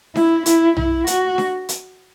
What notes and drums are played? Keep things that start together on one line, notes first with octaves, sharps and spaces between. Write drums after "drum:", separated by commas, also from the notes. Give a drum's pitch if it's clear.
E4, drum: snare D4
E4, drum: hi-hat
E4, drum: tom B1
F#4, drum: hi-hat
drum: snare D4
drum: hi-hat